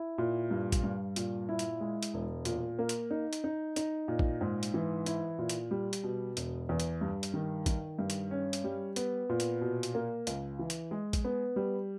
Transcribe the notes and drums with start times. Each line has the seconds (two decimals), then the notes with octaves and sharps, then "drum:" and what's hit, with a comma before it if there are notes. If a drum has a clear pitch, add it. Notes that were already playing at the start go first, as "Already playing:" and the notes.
Already playing: E4
0.18 A#2
0.51 G2
0.72 drum: kick, hi-hat
0.84 G2
1.16 A#2, drum: hi-hat
1.49 E4
1.59 drum: hi-hat
1.80 G#3
2.03 drum: hi-hat
2.14 E1
2.45 A#2, drum: hi-hat
2.79 A#3
2.89 drum: hi-hat
3.11 D#4
3.33 drum: hi-hat
3.44 D#4
3.76 D#4, drum: hi-hat
4.08 A#2
4.19 drum: kick
4.41 G#2
4.63 drum: hi-hat
4.74 E3
5.06 E4, drum: hi-hat
5.39 A#2
5.49 drum: hi-hat
5.71 G3
5.93 drum: hi-hat
6.04 B2
6.37 E1, drum: hi-hat
6.69 E2
6.80 drum: hi-hat
7.01 G2
7.23 drum: hi-hat
7.34 D#3
7.66 D#3, drum: kick, hi-hat
7.99 G2
8.10 drum: hi-hat
8.31 C#4
8.53 drum: hi-hat
8.64 G3
8.96 B3, drum: hi-hat
9.29 A#2
9.40 drum: hi-hat
9.61 B2
9.83 drum: hi-hat
9.94 A#3
10.27 C#2, drum: hi-hat
10.59 E3
10.70 drum: hi-hat
10.91 G#3
11.13 drum: kick, hi-hat
11.24 B3
11.56 G3